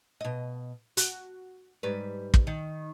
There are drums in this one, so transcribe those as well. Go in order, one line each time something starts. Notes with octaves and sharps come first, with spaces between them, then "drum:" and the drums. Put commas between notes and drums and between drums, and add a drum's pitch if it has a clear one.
B2 D#5
F#4, drum: hi-hat
G#2 G3 B4
drum: kick
D#3